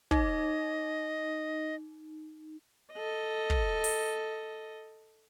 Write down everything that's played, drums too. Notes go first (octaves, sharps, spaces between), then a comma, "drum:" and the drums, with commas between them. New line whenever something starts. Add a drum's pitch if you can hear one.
D#4 D#5, drum: kick
A4 D#5
drum: kick
drum: open hi-hat